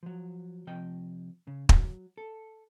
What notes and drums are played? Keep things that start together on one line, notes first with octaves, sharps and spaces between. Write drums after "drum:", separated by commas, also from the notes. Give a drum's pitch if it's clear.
F3 F#3
C3 F3 D#5 G5
C#3
F#3, drum: kick
A4